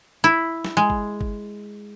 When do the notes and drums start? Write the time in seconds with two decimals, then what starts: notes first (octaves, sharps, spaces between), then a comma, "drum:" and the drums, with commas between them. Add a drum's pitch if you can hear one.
0.24 E4
0.65 drum: snare
0.77 G#3
0.90 drum: kick G1
1.21 drum: kick G1